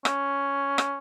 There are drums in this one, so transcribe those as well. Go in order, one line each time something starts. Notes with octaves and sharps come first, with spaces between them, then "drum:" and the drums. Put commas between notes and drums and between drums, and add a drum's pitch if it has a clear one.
C#4, drum: rim click
drum: rim click